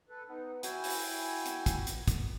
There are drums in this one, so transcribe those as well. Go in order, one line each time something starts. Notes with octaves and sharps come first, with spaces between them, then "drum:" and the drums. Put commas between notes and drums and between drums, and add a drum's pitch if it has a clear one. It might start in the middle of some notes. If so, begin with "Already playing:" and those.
A4 B4
B3 D#4
E4 F#4 G5 G#5, drum: hi-hat
drum: open hi-hat
F#4
drum: hi-hat
drum: kick, hi-hat
drum: hi-hat
drum: kick, hi-hat